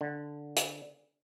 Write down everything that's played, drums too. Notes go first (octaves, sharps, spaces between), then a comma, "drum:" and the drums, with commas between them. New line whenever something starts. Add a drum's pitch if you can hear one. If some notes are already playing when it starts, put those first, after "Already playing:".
D3
drum: hi-hat